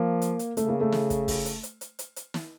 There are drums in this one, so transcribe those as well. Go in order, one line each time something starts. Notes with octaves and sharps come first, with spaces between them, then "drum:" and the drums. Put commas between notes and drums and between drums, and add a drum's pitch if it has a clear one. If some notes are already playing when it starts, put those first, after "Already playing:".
Already playing: F3 A#3
drum: hi-hat
drum: hi-hat
C#3 A3, drum: hi-hat
A#3
A3
drum: snare
drum: kick, hi-hat
drum: kick, open hi-hat
drum: hi-hat
drum: hi-hat
drum: hi-hat
drum: hi-hat
drum: hi-hat
drum: snare